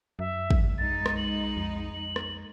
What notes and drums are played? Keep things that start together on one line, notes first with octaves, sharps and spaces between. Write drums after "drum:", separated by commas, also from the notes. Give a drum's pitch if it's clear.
F#2 E5
drum: kick
B1 G#3 D#4 A6
drum: rim click
F#7
F2
F#7
drum: rim click